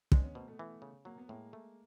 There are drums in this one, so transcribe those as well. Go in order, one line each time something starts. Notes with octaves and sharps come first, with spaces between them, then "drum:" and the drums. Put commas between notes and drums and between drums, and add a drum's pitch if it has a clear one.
G#3 C4 D4, drum: kick
B3 C#4
B2 A#3 C4
A3 B3
E3
C#3
F#3 A#3
B3
A2 G#3 A#3
A3